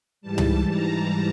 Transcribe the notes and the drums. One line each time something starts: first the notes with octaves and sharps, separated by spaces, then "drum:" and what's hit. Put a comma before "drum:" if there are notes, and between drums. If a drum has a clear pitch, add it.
G#2 E3 G3 A5
drum: tom C#2
A#5